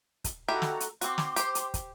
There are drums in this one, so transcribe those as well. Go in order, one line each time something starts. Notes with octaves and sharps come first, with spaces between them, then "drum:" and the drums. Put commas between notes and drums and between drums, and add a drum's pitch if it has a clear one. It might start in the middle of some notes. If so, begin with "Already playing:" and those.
drum: kick, hi-hat
D#3 E4 F#4 G4 A4 A#5
drum: snare
drum: hi-hat
C4 F#4 C6 D6, drum: hi-hat
drum: snare
G4 C5, drum: hi-hat
drum: hi-hat
drum: kick, hi-hat